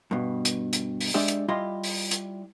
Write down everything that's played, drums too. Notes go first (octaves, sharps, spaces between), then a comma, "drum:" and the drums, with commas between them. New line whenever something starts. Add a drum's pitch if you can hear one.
G2 B2
drum: hi-hat
drum: hi-hat
drum: open hi-hat
G#3 D4 G4 D5 E5
drum: hi-hat
G3 E4 F4 G4 D#5 C6
drum: open hi-hat
drum: hi-hat